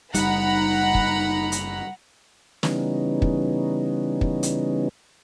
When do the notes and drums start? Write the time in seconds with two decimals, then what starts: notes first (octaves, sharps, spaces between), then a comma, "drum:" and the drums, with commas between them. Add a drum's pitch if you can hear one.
0.14 F#1 C#2 G3 D#4 F#5 A#5 B5, drum: hi-hat
0.94 drum: kick
1.52 drum: hi-hat
2.63 C#3 E3 G3 B3 C#4 D#4, drum: snare
3.22 drum: kick
4.21 drum: kick
4.43 drum: hi-hat